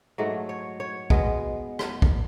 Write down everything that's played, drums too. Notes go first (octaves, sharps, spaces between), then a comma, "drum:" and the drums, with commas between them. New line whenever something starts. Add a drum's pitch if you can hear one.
G#2 F#3 A3
C#5
C#5
B2 G#3 B3, drum: kick
drum: rim click
drum: kick